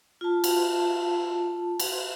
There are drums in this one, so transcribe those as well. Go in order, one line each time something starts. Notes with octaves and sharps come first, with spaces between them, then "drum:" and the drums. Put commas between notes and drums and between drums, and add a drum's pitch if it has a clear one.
F4 A5
drum: cymbal
drum: cymbal